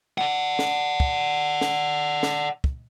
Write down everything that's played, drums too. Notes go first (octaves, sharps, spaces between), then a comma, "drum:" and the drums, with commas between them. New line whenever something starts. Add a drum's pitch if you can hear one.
D5 F#5
drum: snare
drum: kick
drum: snare
drum: snare
drum: kick